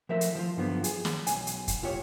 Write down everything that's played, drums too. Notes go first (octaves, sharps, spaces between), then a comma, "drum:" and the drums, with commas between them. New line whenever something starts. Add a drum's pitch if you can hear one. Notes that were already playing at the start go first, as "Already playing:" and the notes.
F3 A3 A#4 E5
drum: hi-hat
F3 F4
G2 D3 F3 F#3 B3
G#4, drum: hi-hat
drum: snare
B1 G#5, drum: hi-hat
drum: hi-hat
drum: kick, hi-hat
C2 F4 G4 C#5